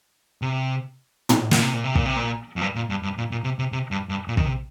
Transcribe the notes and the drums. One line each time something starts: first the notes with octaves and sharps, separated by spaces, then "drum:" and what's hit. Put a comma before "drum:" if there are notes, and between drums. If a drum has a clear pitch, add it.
C3
drum: tom
A#2, drum: snare
C3
A#2
C3
A#2, drum: kick
C3
A#2
F2
G2
A#2
G2
G2
A#2
A#2
C3
C3
C3
G2
G2
A#2
D#3, drum: kick
C3